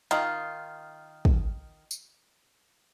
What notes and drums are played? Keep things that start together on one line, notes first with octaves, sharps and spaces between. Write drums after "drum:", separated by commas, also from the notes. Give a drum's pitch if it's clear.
D#3 F4, drum: hi-hat
drum: kick
drum: tambourine